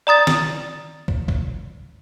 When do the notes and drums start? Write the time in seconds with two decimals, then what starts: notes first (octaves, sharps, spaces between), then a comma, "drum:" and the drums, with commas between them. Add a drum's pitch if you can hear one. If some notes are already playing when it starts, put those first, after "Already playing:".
0.07 D5 A#5 D#6 A6
0.27 drum: snare
1.08 drum: kick
1.28 drum: kick